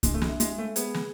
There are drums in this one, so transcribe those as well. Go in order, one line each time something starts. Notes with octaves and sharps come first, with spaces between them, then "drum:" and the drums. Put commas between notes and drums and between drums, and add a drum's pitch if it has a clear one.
G#3 D4, drum: kick C2, hi-hat
A3
G#3, drum: snare
E5
G#3, drum: hi-hat
G#3
A3
B3 G#4, drum: hi-hat
drum: snare